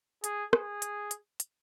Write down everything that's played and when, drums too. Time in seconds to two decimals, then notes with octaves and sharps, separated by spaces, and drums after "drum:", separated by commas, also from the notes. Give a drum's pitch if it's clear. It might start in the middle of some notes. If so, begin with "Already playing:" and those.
0.24 G#4, drum: hi-hat
0.53 G#4, drum: rim click
0.82 drum: hi-hat
1.11 drum: hi-hat
1.40 drum: hi-hat